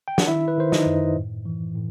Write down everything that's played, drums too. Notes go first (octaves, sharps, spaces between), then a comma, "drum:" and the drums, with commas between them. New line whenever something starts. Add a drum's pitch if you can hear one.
G5
F#5, drum: snare
D#3 E4 E5
B4
D#3 C5
D#4 D#5, drum: snare
F#2
A2
E3
A2